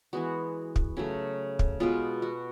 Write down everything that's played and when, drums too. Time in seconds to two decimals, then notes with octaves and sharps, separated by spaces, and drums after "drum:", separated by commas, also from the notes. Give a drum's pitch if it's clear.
0.13 E3 G#3 B3 F#4
0.76 drum: kick
0.97 C#3 F#3 A3
1.59 drum: kick
1.80 B2 G#3 B3 F4
2.22 F#4